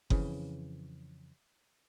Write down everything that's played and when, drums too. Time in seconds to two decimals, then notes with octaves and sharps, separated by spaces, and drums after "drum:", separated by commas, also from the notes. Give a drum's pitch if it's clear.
0.10 F2 C#3 E3, drum: kick F#1